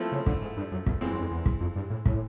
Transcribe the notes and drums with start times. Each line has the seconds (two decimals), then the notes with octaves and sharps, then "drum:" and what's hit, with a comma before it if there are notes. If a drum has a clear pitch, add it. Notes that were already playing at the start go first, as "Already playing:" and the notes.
Already playing: F3 A3 C4 E4
0.12 C#3
0.26 D3, drum: kick
0.41 G#2
0.57 G2
0.71 F#2
0.86 E2, drum: kick
1.01 F2 E3 G#3 C4
1.11 F#2
1.21 F2
1.31 E2
1.46 drum: kick
1.60 F2
1.76 G2
1.90 A2
2.06 A2, drum: kick